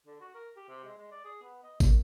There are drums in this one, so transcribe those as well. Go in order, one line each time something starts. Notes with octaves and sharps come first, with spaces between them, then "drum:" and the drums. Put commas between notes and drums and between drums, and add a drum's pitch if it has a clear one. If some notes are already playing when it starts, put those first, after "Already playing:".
D3
F#4
A#4
G4
C3
G#3
G#3
D5
G#4
B3
D#5
A#3, drum: kick, tambourine